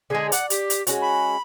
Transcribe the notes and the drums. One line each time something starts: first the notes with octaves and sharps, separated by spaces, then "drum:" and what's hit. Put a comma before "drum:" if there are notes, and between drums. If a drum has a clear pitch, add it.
D3 G#3 G#4
D5 F#5, drum: hi-hat
G4, drum: hi-hat
drum: hi-hat
G#3 C#4 F#4, drum: hi-hat
B5